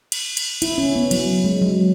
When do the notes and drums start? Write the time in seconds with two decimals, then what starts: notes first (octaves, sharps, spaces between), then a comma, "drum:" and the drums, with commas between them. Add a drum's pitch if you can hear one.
0.12 drum: cymbal
0.37 drum: cymbal
0.62 E4, drum: cymbal
0.78 C#4
0.96 B3
1.11 F#3, drum: cymbal
1.44 G#3
1.61 F#3